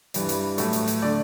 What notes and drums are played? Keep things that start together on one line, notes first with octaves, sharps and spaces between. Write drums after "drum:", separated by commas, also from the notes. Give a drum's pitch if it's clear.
G2 E3 G3, drum: hi-hat
drum: hi-hat
A2 F#3 A3, drum: hi-hat
drum: hi-hat
drum: hi-hat
D3 A3 D5